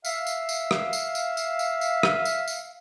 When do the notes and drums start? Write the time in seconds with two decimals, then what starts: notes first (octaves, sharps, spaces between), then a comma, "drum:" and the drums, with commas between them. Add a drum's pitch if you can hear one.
0.05 E5 F5, drum: tambourine
0.27 drum: tambourine
0.49 drum: tambourine
0.71 drum: rim click
0.93 drum: tambourine
1.15 drum: tambourine
1.37 drum: tambourine
1.59 drum: tambourine
1.81 drum: tambourine
2.03 drum: rim click
2.25 drum: tambourine
2.48 drum: tambourine